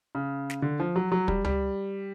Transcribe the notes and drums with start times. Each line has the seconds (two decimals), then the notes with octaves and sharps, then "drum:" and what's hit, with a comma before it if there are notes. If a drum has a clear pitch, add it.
0.15 C#3
0.50 drum: snare
0.62 D3
0.80 F3
0.96 F#3
1.12 F#3
1.28 G3, drum: kick
1.45 G3, drum: tom C#2